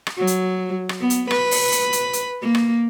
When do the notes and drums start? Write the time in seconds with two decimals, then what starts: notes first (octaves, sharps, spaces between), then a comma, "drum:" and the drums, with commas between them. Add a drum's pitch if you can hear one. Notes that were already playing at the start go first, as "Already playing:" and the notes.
0.07 drum: rim click
0.18 F#3
0.27 drum: hi-hat
0.89 drum: rim click
1.01 B3
1.10 drum: hi-hat
1.31 B4, drum: rim click
1.51 drum: open hi-hat
1.72 drum: hi-hat
1.93 drum: hi-hat
2.13 drum: hi-hat
2.41 A#3
2.55 drum: rim click